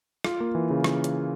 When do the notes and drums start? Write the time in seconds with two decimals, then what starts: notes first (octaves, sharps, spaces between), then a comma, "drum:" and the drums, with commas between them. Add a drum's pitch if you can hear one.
0.24 F4, drum: rim click
0.40 A#3
0.55 E3
0.70 C#3
0.84 drum: rim click
1.04 drum: hi-hat